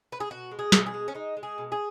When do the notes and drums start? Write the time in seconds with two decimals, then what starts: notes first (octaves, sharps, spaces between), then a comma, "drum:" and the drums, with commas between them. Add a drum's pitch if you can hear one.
0.12 B4
0.20 G#4
0.30 B2 F#4
0.51 G#3
0.59 G#4
0.72 B2, drum: snare
0.86 G#4
0.94 G#3
1.08 C#4
1.15 G#3 D#4
1.37 G#3
1.43 G#4
1.58 B2
1.72 G#4